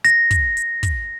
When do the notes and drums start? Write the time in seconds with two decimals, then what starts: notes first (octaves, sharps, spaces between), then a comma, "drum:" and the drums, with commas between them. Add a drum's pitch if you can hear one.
0.05 A#6, drum: hi-hat
0.31 drum: kick, hi-hat
0.57 drum: hi-hat
0.83 drum: kick, hi-hat